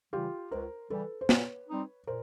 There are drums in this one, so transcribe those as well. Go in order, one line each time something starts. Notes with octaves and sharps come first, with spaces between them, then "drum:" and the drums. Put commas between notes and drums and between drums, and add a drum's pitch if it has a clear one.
C#3 E3 G3 F4 G4
C#2 A#4 C5
C#3 E3 G3 A4 B4
C5
A#2 B4 C#5, drum: snare
G3 C4 D#4
A#2 A#4 C5